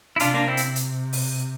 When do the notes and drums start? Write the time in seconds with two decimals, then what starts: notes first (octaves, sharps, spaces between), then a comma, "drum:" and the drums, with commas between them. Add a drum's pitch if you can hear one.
0.16 E4
0.20 C3 D4 F4, drum: hi-hat
0.34 A#3 D4
0.48 C4 E4
0.57 drum: hi-hat
0.76 drum: hi-hat
1.13 drum: open hi-hat